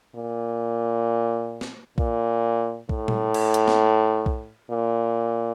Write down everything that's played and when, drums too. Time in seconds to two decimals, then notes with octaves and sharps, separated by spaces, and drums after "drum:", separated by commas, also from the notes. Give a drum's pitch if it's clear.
0.15 A#2
1.61 drum: snare
1.98 A#2, drum: kick B1
2.89 A2, drum: kick B1
3.08 drum: tom A#2
3.34 drum: cymbal
3.54 drum: hi-hat
3.68 drum: snare
4.26 drum: kick B1
4.70 A#2